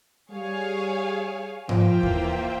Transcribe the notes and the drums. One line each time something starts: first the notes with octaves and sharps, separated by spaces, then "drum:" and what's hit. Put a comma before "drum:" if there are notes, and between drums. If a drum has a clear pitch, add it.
G3 G#4 C#5 F5 G#5
F3 A#3 F4 C5 E5 G5, drum: tom G#2
E3, drum: kick D#2